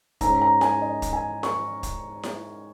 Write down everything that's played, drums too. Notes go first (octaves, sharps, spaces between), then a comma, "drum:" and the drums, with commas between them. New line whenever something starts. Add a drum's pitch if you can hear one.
G#2 G#3 C#4 A#5, drum: kick, hi-hat
A#5
G#5, drum: snare E4
D#5
drum: kick, hi-hat
G#5
C#6, drum: snare E4
drum: kick, hi-hat
drum: snare E4